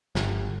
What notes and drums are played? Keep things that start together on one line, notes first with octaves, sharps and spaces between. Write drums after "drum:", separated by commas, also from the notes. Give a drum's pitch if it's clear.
G1, drum: snare